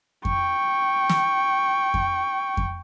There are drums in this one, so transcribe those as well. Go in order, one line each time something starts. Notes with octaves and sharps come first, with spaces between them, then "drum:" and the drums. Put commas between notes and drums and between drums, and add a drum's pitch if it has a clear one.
G5 C#6, drum: kick F2
drum: snare
drum: kick F2
drum: kick F2